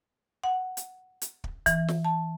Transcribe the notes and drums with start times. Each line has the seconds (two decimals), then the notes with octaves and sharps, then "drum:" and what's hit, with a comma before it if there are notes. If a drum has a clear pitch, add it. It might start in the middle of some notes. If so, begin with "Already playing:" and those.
0.44 F#5
0.77 drum: hi-hat
1.21 drum: hi-hat
1.44 drum: kick
1.66 E3, drum: kick, hi-hat
1.88 drum: snare
2.05 A5